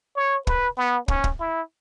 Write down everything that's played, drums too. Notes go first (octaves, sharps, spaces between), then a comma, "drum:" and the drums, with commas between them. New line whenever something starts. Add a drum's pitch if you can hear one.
C#5
B4, drum: kick
B3
C#4, drum: kick
drum: kick
E4